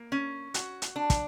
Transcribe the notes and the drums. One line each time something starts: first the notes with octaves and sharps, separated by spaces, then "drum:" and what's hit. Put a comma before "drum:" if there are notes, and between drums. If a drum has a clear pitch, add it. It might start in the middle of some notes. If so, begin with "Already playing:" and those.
Already playing: A#3
C#4
F#4, drum: hi-hat
drum: hi-hat
D4
drum: kick, hi-hat